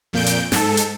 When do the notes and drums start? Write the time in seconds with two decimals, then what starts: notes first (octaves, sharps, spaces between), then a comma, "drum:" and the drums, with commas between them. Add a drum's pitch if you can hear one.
0.13 F2 A#2 G6 D7
0.26 drum: hi-hat
0.52 G#2 A4, drum: snare
0.77 drum: hi-hat